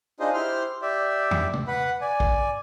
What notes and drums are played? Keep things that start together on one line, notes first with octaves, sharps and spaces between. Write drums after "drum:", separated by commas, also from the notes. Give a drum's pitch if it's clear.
D4 D#4 F4 G#4 C5 D#5
E4 G4 C5 C6 F6
G4 D5 E5
drum: tom
drum: tom
B4 F#5 B5
D5 G#5
drum: kick A#1